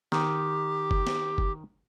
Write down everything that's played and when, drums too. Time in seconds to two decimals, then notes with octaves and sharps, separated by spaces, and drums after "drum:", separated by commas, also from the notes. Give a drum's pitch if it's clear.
0.12 D#3 G4, drum: snare
0.91 drum: kick G1
1.07 drum: snare
1.38 drum: kick G1